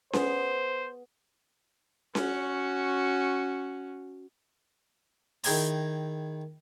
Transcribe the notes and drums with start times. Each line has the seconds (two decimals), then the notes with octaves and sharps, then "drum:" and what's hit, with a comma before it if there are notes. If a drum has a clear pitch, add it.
0.13 B3 G#4 C5, drum: snare C#4
2.15 C#4 F#4, drum: snare C#4
5.44 D#3 E4 G#4 G5 G#5 A#5, drum: open hi-hat